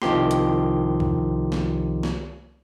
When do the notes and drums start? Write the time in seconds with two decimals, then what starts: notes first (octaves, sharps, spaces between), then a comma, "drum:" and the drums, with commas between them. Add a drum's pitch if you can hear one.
0.02 C2 D#3 F3 G4 C6, drum: snare
0.31 drum: hi-hat
1.00 drum: kick B1
1.52 drum: snare
2.03 drum: snare